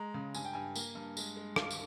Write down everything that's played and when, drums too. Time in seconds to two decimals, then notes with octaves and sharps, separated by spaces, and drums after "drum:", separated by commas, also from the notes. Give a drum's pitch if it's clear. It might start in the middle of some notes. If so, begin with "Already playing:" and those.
Already playing: G#3 A#5
0.14 C#3
0.35 G2 G#5, drum: tambourine
0.45 G5
0.53 G2 G#5
0.76 A#3, drum: tambourine
0.95 G2
1.17 G#3, drum: tambourine
1.37 G#3
1.56 G2 F5, drum: rim click
1.71 drum: tambourine